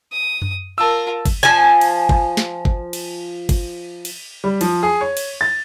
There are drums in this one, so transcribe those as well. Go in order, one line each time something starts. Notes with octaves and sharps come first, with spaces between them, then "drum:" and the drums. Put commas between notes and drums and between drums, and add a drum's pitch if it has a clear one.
D#6
drum: tom F#2
F4 A#4 A5 E6
drum: kick G#1, cymbal
F3 G#5
drum: cymbal
drum: kick G#1
drum: snare
drum: kick G#1
drum: cymbal
drum: kick G#1, cymbal
drum: cymbal
G3
F3, drum: cymbal
G#4
C#5
drum: cymbal
A6